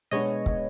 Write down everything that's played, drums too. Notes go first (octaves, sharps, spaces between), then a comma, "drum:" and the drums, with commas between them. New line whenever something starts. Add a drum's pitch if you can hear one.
B2 G#3 B3 D4 C#5 D#5
drum: kick